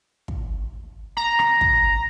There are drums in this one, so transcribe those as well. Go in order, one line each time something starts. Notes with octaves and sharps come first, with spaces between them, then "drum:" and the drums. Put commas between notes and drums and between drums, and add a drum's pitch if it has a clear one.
drum: kick
A#5
drum: rim click
drum: kick